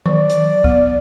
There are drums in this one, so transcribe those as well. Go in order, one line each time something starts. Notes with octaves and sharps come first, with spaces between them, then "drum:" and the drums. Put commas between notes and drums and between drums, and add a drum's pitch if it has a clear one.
F#3 D5, drum: tom D#3
drum: hi-hat
B3, drum: kick